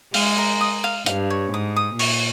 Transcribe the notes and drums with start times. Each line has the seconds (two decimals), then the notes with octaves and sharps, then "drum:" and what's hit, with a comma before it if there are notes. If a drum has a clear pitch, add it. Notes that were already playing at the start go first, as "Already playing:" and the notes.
0.14 G#3 F5, drum: open hi-hat
0.38 A#4
0.61 D#6
0.84 F5
1.06 G2 F5, drum: hi-hat
1.30 C#5
1.53 G#2 D#6
1.76 D#6
1.99 A#2 C#5, drum: open hi-hat